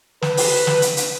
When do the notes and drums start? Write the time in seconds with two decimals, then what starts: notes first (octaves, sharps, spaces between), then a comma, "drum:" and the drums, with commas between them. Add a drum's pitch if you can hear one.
0.22 B4, drum: snare
0.37 drum: open hi-hat
0.67 drum: snare
0.82 drum: hi-hat
0.97 drum: hi-hat